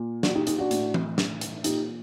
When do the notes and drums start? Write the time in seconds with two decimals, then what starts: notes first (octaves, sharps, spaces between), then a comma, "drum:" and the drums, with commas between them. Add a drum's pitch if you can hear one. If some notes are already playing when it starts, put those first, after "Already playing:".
Already playing: A#2
0.23 D4 F#4, drum: snare
0.35 D#4 G4
0.47 D#4 G4, drum: hi-hat
0.58 D4 F#4
0.71 A2, drum: hi-hat
0.94 drum: tom E3
1.18 drum: snare
1.41 drum: hi-hat
1.64 A#2 D#4 G4, drum: hi-hat